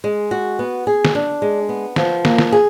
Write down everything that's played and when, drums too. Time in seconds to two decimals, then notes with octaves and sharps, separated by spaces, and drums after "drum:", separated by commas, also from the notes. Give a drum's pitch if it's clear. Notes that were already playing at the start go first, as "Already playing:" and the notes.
0.04 G#3
0.31 F#4
0.59 B3
0.87 G#4
1.05 drum: snare
1.15 D4
1.42 G#3
1.69 B3
1.96 F3, drum: snare
2.25 A#3, drum: snare
2.38 drum: snare
2.52 G#4